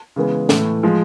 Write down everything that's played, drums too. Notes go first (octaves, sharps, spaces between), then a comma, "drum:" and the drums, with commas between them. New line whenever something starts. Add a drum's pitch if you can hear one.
C#3 E3 G#3 B3
A2 E3 A3, drum: snare
F3 G#3